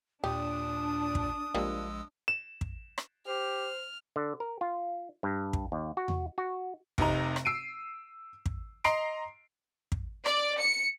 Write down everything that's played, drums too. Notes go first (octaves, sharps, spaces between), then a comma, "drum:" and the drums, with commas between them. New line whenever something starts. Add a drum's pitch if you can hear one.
D#2 A#2 D4 G4 D#6
drum: kick
A#1 F3 G3 G#3 A#3 E6
E7
drum: kick
drum: rim click
G4 C5 F6
D3
A#4
F4
G2
drum: kick
D#2
F#4
drum: tom E2
F#4
F1 C3 D#4 A#5, drum: kick
drum: rim click
E6 C7 D7 D#7
drum: kick
D#5 A#5 C6 C7 D7, drum: rim click
drum: kick
D5, drum: rim click
C#7